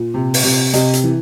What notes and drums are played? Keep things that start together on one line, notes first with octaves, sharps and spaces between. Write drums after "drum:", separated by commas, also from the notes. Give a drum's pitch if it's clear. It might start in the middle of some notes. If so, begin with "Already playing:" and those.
Already playing: A#2
C3
drum: open hi-hat
C3
C3 D#5, drum: hi-hat
drum: hi-hat
E3